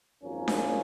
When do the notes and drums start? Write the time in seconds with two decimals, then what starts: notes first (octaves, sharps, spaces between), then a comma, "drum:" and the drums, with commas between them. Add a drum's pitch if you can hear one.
0.23 G#1 F#2 F3 A#3 C#4
0.48 drum: snare D4